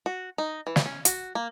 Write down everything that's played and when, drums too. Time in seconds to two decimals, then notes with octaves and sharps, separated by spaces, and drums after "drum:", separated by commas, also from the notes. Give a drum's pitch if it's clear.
0.06 F#4
0.38 D#4
0.67 E3
0.76 drum: snare
0.86 C#4
1.05 F#4, drum: hi-hat
1.35 A#3